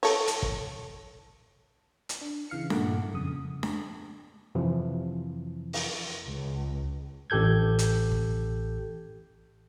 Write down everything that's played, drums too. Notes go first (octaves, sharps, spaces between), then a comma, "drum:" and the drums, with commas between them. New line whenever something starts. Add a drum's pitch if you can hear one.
A4 C#5, drum: open hi-hat
drum: hi-hat
drum: kick
drum: hi-hat
D4
C#3 E3 F5 C#7
G2 A#2 A3 F#5 D6, drum: snare D4
F2 C#3 D#6
drum: snare D4
F2 C3 E3 F3
drum: open hi-hat
C#2
A1 G4 A4 G6 G#6
drum: hi-hat
drum: kick